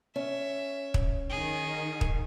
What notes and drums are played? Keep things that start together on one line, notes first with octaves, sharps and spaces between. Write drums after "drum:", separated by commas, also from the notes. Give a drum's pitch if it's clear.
C#4 E5
drum: kick
D#3 G#4
drum: kick